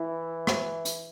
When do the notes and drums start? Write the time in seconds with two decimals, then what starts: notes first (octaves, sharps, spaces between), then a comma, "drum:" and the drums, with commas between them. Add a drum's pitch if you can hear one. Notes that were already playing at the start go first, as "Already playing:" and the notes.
Already playing: E3 E4
0.47 drum: rim click
0.85 drum: hi-hat